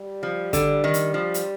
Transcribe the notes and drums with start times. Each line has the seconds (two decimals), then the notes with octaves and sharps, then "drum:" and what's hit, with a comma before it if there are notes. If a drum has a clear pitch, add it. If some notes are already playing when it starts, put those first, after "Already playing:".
Already playing: G3
0.23 F3
0.53 D3, drum: kick, hi-hat
0.84 D#3
0.94 drum: hi-hat
1.14 F3
1.34 drum: hi-hat